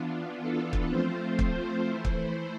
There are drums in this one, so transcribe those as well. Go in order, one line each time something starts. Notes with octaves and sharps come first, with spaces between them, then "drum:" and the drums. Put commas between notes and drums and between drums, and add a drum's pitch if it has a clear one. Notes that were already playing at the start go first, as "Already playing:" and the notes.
Already playing: E3 B3 D4 F4
A4
drum: kick
F3 A3 C4 F4 C5
drum: kick
E3 A3 E4
drum: kick